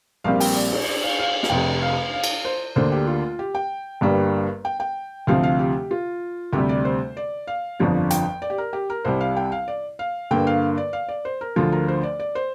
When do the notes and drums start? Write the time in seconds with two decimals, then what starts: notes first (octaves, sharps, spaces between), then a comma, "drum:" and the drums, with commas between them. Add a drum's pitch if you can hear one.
0.24 A#1 A#2 G3 C4 F5
0.40 G5, drum: open hi-hat
0.56 D5
0.72 D5, drum: cymbal
0.87 D5
1.04 F5
1.19 F5
1.43 F5, drum: snare
1.50 F1 F2 C3 G5
1.82 F5
2.14 F5
2.24 drum: cymbal
2.45 C5
2.76 D2 D3 A#3 D4 C5
2.92 G4
3.07 F4
3.39 G4
3.55 G5
4.01 G1 G2 G3 A#3
4.65 G5
4.80 G5
5.27 D2 C3 F3 C4 F5
5.43 F5
5.59 G4
5.91 F4
6.53 D2 C3 G3 G4
6.69 D5
6.85 C5
7.17 D5
7.47 F5
7.79 G1 F2 F3 D4
8.10 G5, drum: hi-hat
8.42 D5
8.50 G4
8.58 A#4
8.73 G4
8.90 A#4
9.04 C2 C3 G3 C5
9.21 F5
9.37 G5
9.52 F5
9.68 D5
9.99 F5
10.31 G2 D3 A#3 G5
10.47 F5
10.78 D5
10.93 F5
11.09 D5
11.25 C5
11.41 A#4
11.56 D2 D3 F3 F4
11.72 A#4
11.88 C5
12.03 D5
12.20 D5
12.35 C5